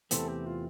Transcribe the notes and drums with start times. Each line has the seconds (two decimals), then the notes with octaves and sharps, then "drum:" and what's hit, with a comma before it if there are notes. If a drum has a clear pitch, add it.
0.11 E2 C3 E3 A3 C4 A4, drum: hi-hat
0.28 G4
0.47 F4